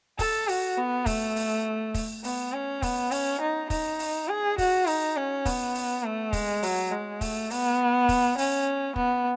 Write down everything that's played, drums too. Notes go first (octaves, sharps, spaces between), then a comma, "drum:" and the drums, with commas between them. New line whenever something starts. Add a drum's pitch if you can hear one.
A4, drum: kick, open hi-hat
F#4, drum: open hi-hat
B3
A3, drum: kick, open hi-hat
drum: open hi-hat
drum: kick, open hi-hat
B3, drum: open hi-hat
C#4
B3, drum: kick, open hi-hat
C#4, drum: open hi-hat
D#4
D#4, drum: kick, open hi-hat
drum: open hi-hat
G#4
F#4, drum: kick, open hi-hat
D#4, drum: open hi-hat
C#4
B3, drum: kick, open hi-hat
drum: open hi-hat
A3
G#3, drum: kick, open hi-hat
F#3, drum: open hi-hat
G#3
A3, drum: kick, open hi-hat
B3, drum: open hi-hat
drum: kick, open hi-hat
C#4, drum: open hi-hat
B3, drum: kick